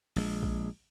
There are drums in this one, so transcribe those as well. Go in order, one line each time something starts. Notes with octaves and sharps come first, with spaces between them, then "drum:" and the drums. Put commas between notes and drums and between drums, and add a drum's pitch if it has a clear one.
A#1 G#3, drum: open hi-hat
drum: kick A#1